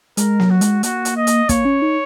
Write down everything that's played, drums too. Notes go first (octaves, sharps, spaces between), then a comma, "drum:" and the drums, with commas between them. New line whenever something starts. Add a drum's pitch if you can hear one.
G#3 A#4, drum: hi-hat
F#3, drum: snare A#3
F#4
G#3, drum: hi-hat
A#3 F#4, drum: hi-hat
drum: hi-hat
D#5
drum: hi-hat
A#3 C#5, drum: kick, hi-hat
C#4
D#4